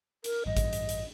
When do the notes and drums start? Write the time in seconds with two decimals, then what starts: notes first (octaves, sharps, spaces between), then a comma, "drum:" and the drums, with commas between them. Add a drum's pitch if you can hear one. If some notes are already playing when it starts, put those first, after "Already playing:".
0.24 A#4, drum: hi-hat
0.46 A1 G2 D#5
0.57 drum: kick G#1, hi-hat
0.73 drum: hi-hat
0.89 drum: hi-hat